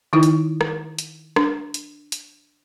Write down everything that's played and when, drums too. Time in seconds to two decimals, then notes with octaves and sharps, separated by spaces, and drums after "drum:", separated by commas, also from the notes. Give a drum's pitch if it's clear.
0.13 D#3 D#4 E4
0.23 drum: hi-hat
0.61 drum: rim click
0.99 drum: hi-hat
1.36 D4, drum: rim click
1.74 drum: hi-hat
2.12 drum: hi-hat